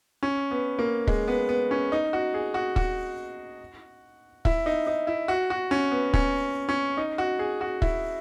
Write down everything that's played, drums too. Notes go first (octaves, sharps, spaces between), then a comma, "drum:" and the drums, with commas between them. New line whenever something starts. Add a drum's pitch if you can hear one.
C#4
B3
A#3
G#3, drum: kick
B3
B3
C#4
D#4
F#4
G#4
F#4
F#4, drum: kick
E4, drum: kick
D#4
D#4
E4
F#4
F#4
C#4
B3
C#4, drum: kick
C#4
D#4
F#4
G#4
F#4
E4, drum: kick